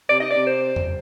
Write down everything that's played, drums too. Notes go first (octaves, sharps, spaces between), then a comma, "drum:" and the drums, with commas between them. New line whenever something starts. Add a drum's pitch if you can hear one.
C3 D5
D#5
C3 D5
C5
drum: tom E2